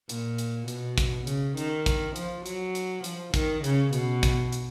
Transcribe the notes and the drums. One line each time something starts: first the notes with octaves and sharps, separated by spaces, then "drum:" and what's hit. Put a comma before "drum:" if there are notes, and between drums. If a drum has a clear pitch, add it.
A#2, drum: hi-hat
drum: hi-hat
B2, drum: hi-hat
drum: kick, hi-hat
C#3, drum: hi-hat
D#3, drum: hi-hat
drum: kick, hi-hat
F3, drum: hi-hat
F#3, drum: hi-hat
drum: hi-hat
F3, drum: hi-hat
D#3, drum: kick, hi-hat
C#3, drum: hi-hat
B2, drum: hi-hat
drum: kick, hi-hat
drum: hi-hat